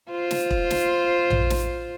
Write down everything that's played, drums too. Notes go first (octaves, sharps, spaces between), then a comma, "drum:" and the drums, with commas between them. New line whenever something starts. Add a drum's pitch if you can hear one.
F4 C5
drum: snare
drum: kick E1
drum: snare
drum: tom A#1
drum: snare